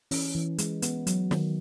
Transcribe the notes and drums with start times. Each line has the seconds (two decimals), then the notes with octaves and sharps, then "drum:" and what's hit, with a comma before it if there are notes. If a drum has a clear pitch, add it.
0.11 E3 C#4, drum: open hi-hat
0.35 E3
0.58 G#3, drum: hi-hat
0.82 B3, drum: hi-hat
1.07 F#3, drum: hi-hat
1.31 D#3, drum: snare